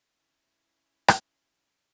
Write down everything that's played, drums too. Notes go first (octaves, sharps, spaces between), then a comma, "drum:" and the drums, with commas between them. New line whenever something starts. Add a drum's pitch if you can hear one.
C#4 E4
drum: rim click